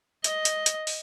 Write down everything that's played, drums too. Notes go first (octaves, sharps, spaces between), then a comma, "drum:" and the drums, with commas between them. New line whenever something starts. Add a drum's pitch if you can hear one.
D#5, drum: hi-hat
drum: hi-hat
drum: hi-hat
drum: open hi-hat